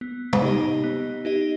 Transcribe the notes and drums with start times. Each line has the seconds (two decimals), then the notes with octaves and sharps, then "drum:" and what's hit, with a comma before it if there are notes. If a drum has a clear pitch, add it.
0.01 B3
0.33 drum: tom
0.42 D#4 G4 D#5
0.84 B3
1.25 D#4 G4 D#5